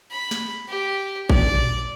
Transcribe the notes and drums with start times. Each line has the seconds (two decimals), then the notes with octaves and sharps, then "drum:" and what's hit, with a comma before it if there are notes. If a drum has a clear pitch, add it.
0.11 B5
0.31 drum: snare
0.68 G4
1.30 D5, drum: kick A1
1.54 drum: tom A#2